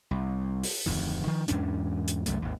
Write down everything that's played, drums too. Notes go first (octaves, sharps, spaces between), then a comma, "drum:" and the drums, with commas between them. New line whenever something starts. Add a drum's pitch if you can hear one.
C2
drum: open hi-hat
D1 F2 A2 D#3
D#3 F3
E2 G#2 C#4 D4, drum: hi-hat
drum: hi-hat
C2 F#2 A3, drum: hi-hat
G#1 D#2